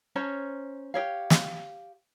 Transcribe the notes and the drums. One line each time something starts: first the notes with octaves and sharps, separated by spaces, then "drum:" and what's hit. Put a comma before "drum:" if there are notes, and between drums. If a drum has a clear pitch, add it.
C#4 C5 C#5 A#5
G4 C#5 F5
drum: snare